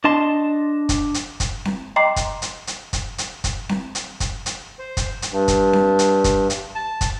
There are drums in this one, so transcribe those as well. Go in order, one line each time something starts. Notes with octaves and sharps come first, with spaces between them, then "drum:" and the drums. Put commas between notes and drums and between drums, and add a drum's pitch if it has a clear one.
D4 D#5 A5 C6
drum: kick, hi-hat
drum: hi-hat
drum: kick, hi-hat
drum: snare C4
D#5 G5 A#5 C6 D6 C7
drum: kick, hi-hat
drum: hi-hat
drum: hi-hat
drum: kick, hi-hat
drum: hi-hat
drum: kick, hi-hat
drum: snare C4
drum: hi-hat
drum: kick, hi-hat
drum: hi-hat
C5
drum: kick, hi-hat
drum: hi-hat
G2
drum: kick, hi-hat
drum: snare C4
drum: hi-hat
drum: kick, hi-hat
drum: hi-hat
A5
drum: kick, hi-hat